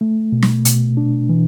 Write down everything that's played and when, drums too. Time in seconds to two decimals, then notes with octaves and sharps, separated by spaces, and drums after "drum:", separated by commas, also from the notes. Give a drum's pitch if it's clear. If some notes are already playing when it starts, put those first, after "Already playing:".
0.01 A3
0.32 B2
0.43 drum: snare
0.65 B2, drum: hi-hat
0.97 D4
1.29 E3